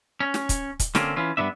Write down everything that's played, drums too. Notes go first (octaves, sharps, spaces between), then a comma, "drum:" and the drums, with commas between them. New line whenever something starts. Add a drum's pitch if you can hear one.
C#4
drum: snare
drum: kick, hi-hat
drum: kick, hi-hat
D3 A#3 C4 C#4, drum: snare
E3 C#4 F4
G2 D#3 B3 D4 E5